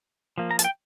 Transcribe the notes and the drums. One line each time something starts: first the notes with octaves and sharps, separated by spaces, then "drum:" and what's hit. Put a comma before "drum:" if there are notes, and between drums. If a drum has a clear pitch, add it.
F3 A#3
A#5
A5, drum: hi-hat
G5